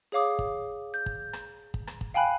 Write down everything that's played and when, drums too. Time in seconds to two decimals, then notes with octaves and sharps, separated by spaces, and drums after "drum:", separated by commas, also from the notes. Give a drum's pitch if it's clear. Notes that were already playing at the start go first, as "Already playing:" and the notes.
0.12 G#4 C#5 F5 D6 D#6
0.39 drum: kick
0.94 G6
1.06 drum: kick
1.33 drum: rim click
1.74 drum: kick
1.87 drum: rim click
2.01 drum: kick
2.14 F5 G5 G#5 B5 F#6